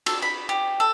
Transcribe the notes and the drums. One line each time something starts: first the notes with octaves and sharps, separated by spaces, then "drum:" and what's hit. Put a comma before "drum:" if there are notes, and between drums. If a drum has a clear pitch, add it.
A4, drum: cymbal
B5
G4
A4